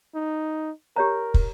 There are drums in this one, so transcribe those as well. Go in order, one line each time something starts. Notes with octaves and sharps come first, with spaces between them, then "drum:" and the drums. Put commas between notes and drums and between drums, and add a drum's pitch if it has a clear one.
D#4
G4 A#4 C#5 A#5
drum: kick